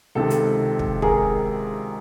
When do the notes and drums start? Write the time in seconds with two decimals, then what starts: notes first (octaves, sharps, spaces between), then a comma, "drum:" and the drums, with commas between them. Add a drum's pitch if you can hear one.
0.15 C#2 C3 D#3 A4
0.30 drum: hi-hat
0.79 drum: kick
1.02 G#4 A#4, drum: kick